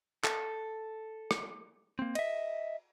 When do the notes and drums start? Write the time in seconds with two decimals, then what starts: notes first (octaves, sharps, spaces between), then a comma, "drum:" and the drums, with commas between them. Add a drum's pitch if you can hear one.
0.24 A4, drum: clap
1.31 drum: rim click
1.99 A#3 C4
2.15 D#5 E5, drum: cymbal